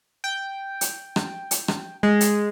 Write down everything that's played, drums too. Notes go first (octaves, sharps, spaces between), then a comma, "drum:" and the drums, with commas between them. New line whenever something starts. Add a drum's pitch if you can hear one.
G5
drum: hi-hat
drum: rim click
drum: hi-hat
drum: rim click
G#3
drum: hi-hat